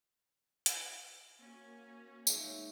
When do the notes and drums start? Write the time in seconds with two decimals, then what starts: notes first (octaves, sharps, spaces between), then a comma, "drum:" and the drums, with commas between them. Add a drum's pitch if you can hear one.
0.66 drum: hi-hat
1.39 A#3 C#4 F#4
2.27 G#3 D#4 G#4 C#5 E5 F5, drum: tambourine